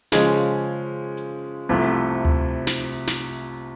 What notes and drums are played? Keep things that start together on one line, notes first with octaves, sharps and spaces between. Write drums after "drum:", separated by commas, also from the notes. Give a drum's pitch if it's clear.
C#3 F3 G#3 C#4, drum: snare
drum: hi-hat
C2 C3 F3 A3
drum: tom D2
drum: snare
drum: snare